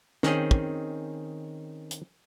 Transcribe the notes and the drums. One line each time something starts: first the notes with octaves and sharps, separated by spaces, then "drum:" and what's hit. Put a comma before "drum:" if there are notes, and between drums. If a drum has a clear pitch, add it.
D#3 C4 C#4 G#4, drum: snare
drum: kick
drum: hi-hat